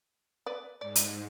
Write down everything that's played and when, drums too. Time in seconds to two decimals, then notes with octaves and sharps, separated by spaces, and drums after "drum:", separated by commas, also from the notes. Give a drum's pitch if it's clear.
0.46 B4 D5
0.81 G#2 D5
0.96 drum: hi-hat